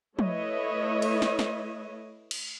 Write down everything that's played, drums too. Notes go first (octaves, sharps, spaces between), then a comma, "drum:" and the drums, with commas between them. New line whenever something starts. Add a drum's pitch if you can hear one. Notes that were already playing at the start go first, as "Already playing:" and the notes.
A3 E4 B4 C#5 D#5 E5, drum: tom F3
drum: cymbal
drum: snare
drum: snare
drum: cymbal